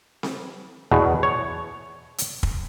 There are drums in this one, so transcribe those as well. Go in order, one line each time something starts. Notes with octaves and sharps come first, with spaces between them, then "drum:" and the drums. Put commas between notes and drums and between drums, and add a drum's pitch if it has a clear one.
drum: snare C4
E2 B2
C#5
drum: hi-hat
drum: kick